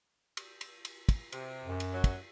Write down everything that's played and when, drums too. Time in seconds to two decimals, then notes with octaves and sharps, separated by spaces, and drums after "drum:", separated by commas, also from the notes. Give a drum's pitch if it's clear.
0.37 drum: cymbal
0.61 drum: cymbal
0.85 drum: cymbal
1.09 drum: kick, cymbal
1.32 C3, drum: cymbal
1.65 F#2
1.80 drum: cymbal
1.92 F#3
2.04 drum: kick, cymbal